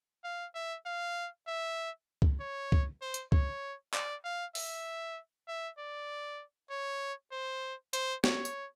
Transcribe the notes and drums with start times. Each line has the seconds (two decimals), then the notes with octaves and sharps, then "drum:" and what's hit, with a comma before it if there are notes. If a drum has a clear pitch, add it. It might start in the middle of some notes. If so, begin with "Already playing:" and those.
0.24 F5
0.55 E5
0.86 F5
1.47 E5
2.22 drum: kick C#2
2.40 C#5
2.72 drum: kick C#2
3.02 C5
3.14 drum: hi-hat
3.32 C#5, drum: kick C#2
3.94 D5, drum: clap
4.24 F5
4.55 E5, drum: open hi-hat
5.48 E5
5.78 D5
6.70 C#5
7.32 C5
7.93 C5, drum: hi-hat
8.24 C#5, drum: snare
8.45 drum: tambourine